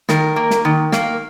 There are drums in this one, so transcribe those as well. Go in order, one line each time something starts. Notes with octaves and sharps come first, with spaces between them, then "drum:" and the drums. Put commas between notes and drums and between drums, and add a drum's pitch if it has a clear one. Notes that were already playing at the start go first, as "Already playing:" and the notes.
D#3 A#4, drum: snare
A#3
drum: snare
D#3
A#3, drum: snare